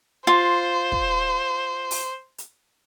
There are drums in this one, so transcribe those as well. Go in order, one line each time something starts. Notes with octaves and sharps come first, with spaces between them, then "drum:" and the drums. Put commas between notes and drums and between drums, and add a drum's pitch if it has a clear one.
F4 C5
drum: kick
drum: open hi-hat
drum: hi-hat